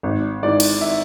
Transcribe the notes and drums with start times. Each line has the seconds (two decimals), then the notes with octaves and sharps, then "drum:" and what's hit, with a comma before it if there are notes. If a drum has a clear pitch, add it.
0.03 G#1
0.43 G#2 E3 D5
0.60 drum: cymbal
0.81 E5